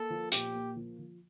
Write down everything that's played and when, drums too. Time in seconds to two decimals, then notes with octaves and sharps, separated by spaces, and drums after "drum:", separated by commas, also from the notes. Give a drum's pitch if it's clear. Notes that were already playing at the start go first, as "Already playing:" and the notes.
Already playing: A#3 A4
0.10 F3
0.32 A#2 G4, drum: hi-hat
0.55 A#3
0.76 F3
0.99 F3